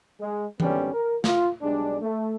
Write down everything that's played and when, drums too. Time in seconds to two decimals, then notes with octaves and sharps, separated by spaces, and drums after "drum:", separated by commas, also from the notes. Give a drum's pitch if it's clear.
0.20 G#3
0.60 G#1 D3 G3 B3 C#4, drum: tom E3
0.93 A#4
1.24 F4, drum: snare
1.62 B1 G3 G#3 D4
2.01 A3